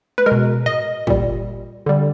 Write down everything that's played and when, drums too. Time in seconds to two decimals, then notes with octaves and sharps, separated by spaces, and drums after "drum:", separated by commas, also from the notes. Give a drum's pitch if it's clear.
0.18 B4, drum: tom G#3
0.26 G#3 A#4
0.32 B2
0.66 D#5, drum: tom G#2
1.07 A#2 G3, drum: kick
1.86 D3 G3